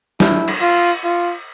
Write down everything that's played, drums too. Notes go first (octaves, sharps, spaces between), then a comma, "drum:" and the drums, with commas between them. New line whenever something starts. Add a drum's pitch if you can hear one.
E4, drum: snare
drum: cymbal
F4
F4